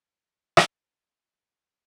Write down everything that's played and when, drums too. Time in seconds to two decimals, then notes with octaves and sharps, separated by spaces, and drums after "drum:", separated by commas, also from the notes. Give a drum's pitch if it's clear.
0.20 G5 A5 C6 F6 G6
0.57 drum: rim click
0.84 F3 A#3 D4 D#4 F4 G4
1.33 E4 B4 F#5 C#6